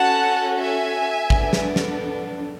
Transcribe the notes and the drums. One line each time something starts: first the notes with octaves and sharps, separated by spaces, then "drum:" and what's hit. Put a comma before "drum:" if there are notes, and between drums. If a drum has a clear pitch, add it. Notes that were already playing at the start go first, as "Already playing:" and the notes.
Already playing: C#4 F#4 A4 F#5 A5
E5 G#5
B3 D4 A4, drum: kick
drum: snare
drum: snare